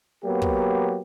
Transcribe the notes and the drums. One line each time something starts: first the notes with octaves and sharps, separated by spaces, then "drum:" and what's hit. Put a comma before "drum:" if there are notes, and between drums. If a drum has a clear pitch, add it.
F#3 A#3 B3 G4
drum: kick